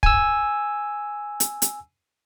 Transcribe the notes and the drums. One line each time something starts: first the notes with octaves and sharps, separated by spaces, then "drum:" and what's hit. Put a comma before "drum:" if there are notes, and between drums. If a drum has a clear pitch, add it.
G#5 E6, drum: kick
drum: hi-hat
drum: hi-hat